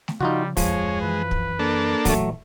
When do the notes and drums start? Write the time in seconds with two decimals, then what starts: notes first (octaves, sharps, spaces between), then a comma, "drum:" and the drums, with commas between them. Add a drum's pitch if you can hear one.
0.08 drum: snare A3
0.21 C#3 F3 G3 D#4 F4 F#4
0.57 D1 A1 F2 F3 G#3 C#5, drum: kick, open hi-hat
1.02 F#2 E3 B4
1.31 drum: kick
1.59 A#3 D4 A4
2.05 A#2 E3 F#3 A3, drum: kick, open hi-hat